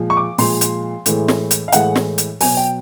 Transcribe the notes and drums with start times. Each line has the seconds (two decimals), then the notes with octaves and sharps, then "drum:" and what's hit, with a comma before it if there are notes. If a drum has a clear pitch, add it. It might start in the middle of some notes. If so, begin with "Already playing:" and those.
Already playing: A#2 F3 G#3
0.10 C#6
0.17 D6
0.38 A#2 F3 G#3 C6, drum: open hi-hat
0.61 drum: hi-hat
1.06 A2 E3 G#3, drum: hi-hat
1.28 drum: snare
1.51 drum: hi-hat
1.68 F5
1.73 A2 E3 G#3 F#5, drum: hi-hat
1.96 drum: snare
2.18 drum: hi-hat
2.40 B2 F#3 G#5, drum: open hi-hat
2.57 G5